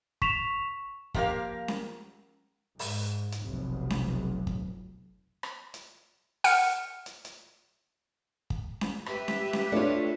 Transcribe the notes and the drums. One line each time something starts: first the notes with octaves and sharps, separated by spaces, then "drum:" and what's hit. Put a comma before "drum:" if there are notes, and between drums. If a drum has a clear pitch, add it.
C#6 B6 E7 F7, drum: kick
F3 A3 A#3 G4 A#4 F5, drum: kick
drum: snare C#4
G#2, drum: open hi-hat
drum: hi-hat
F1 B1
drum: snare C#4
drum: kick
drum: rim click
drum: hi-hat
F#5 F6 C#7, drum: open hi-hat
drum: hi-hat
drum: hi-hat
drum: kick
drum: snare C#4
G4 B4 E5, drum: rim click
drum: snare C#4
drum: snare C#4
A3 D4 F4 C#5